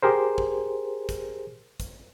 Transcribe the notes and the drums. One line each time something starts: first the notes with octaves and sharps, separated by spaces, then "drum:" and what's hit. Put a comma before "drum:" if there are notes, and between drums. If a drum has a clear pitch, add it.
G4 G#4 A#4 C5
drum: kick
drum: kick, hi-hat
drum: kick, hi-hat